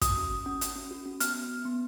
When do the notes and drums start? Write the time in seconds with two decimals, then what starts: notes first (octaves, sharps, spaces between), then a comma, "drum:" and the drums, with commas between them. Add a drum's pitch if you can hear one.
0.01 F#4 D#6, drum: kick, hi-hat
0.17 C#4
0.31 C#4
0.46 C#4
0.61 F#4, drum: hi-hat
0.76 C#4
0.91 F#4
1.05 C#4
1.20 B3 F6, drum: hi-hat
1.35 B3
1.51 B3
1.65 B3